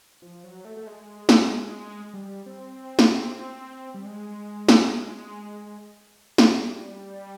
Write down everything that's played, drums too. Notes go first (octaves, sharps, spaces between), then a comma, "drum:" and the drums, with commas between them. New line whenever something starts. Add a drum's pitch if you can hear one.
F3
F#3
A3
A3
G#3
drum: snare
G3
C4
drum: snare
G3
G#3
drum: snare
drum: snare
G3